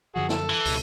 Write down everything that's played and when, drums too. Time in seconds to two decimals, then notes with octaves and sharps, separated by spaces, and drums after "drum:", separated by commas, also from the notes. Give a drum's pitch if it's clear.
0.16 F#2 D3 F3 F#4 G#4
0.29 A4, drum: snare
0.50 E3
0.65 C#2 B2, drum: open hi-hat